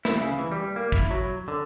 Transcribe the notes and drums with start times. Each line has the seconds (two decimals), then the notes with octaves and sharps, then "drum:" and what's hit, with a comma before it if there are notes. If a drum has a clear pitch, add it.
0.05 E4, drum: snare
0.22 C#3
0.39 E3
0.52 G3
0.76 A#3
0.92 E4, drum: kick
1.11 F#3
1.48 D3